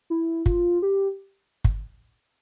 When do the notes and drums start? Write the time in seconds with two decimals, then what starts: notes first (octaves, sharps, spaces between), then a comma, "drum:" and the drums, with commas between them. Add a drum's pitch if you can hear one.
0.10 E4
0.46 F4, drum: kick
0.82 G4
1.64 drum: kick